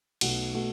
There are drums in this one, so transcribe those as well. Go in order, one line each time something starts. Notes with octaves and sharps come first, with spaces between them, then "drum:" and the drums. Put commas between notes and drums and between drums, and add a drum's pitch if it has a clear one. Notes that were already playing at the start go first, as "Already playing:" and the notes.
B1 B2 A3 F#5, drum: cymbal
B2 A3